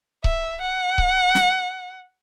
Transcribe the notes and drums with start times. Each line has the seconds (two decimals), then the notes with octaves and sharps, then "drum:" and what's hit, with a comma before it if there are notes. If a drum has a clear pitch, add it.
0.24 E5, drum: kick C#1
0.62 F#5
0.98 drum: kick C#1
1.35 drum: snare